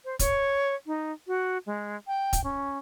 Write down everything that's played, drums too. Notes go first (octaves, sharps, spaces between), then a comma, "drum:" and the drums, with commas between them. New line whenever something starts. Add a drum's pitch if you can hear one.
C5
C#5, drum: kick, hi-hat
D#4
F#4
G#3
G5
drum: kick, hi-hat
C#4